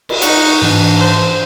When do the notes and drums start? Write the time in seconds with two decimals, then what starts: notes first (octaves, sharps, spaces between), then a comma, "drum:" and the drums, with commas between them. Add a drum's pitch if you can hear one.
0.09 drum: cymbal
0.22 D#4 F#5 C#6 F#6, drum: hi-hat
0.62 G#2 E3 D4
0.98 C5